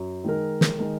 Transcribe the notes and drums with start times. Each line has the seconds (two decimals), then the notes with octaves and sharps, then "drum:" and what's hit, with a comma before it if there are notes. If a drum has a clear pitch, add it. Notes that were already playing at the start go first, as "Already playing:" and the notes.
Already playing: F#2
0.24 D#3 G#3 D#4 A#4
0.61 drum: snare
0.79 D#3 G#3 D#4 A#4